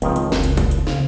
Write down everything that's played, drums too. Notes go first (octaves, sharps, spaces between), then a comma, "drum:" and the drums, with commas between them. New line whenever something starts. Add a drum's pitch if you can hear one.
C#2 D#3 F3 C4, drum: hi-hat
drum: hi-hat
F1 C#2 A#3 C#5 F5, drum: snare
drum: hi-hat
drum: kick, hi-hat
drum: hi-hat
C#3 C4 F5, drum: snare